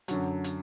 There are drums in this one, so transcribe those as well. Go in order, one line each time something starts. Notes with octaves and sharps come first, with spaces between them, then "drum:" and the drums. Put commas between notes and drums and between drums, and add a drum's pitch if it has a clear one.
F#2 D3 F#3, drum: hi-hat
drum: hi-hat